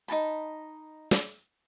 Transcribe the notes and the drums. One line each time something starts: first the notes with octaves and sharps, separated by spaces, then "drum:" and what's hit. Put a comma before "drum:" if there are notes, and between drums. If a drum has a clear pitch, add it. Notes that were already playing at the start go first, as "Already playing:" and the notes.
D#4 F#4 A5 B5
drum: snare